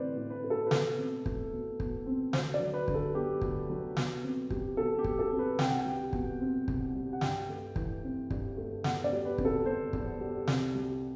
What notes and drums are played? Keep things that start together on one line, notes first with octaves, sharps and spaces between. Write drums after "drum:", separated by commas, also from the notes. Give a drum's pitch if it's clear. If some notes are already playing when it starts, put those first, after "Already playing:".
Already playing: A2 E3 A3 C4 B4 C5 D5
A2
B4
A3
A4
B4
B2 A4, drum: snare
C4
A3, drum: kick
B2
B2, drum: kick
C4
D2 C5, drum: snare
D5
F#3
B4
D3, drum: kick
A4
B3 G4
D2, drum: kick
F#3
B2, drum: snare
C4
G3, drum: kick
B2 A4
G4
B2, drum: kick
A4
C4
B4
C2 G5, drum: snare
F#5
G5
G3
B2, drum: kick
C4
C2, drum: kick
G3
F#5
G2 G5, drum: snare
A3
E3, drum: kick
C4
G2, drum: kick
A3
E2 F#5, drum: snare
D5
G3
B4
C3, drum: kick
A4
B3 C5
E2, drum: kick
G3
C2, drum: snare
G3